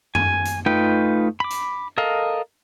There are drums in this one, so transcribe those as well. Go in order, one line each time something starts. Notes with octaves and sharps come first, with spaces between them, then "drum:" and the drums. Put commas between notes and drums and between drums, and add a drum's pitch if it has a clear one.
G#5, drum: tom F#2
drum: hi-hat
A3 D#4 F4 B4 G5
B5 D6
drum: hi-hat
A4 A#4 D#5 F5